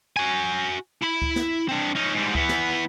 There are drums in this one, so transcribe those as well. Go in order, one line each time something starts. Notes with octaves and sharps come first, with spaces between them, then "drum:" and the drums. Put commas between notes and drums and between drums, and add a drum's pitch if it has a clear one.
F#4 G#5
E4 B5
drum: kick C#2
drum: snare
C4 D4
C#4 D#4
G#2 G3
E3 B3, drum: kick C#2
drum: snare